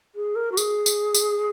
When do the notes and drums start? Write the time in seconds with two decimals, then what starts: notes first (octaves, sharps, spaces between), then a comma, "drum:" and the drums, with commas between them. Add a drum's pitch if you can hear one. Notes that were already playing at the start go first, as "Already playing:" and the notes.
0.15 G#4
0.36 A#4
0.52 F#4
0.57 G#4, drum: tambourine
0.86 drum: tambourine
1.15 drum: tambourine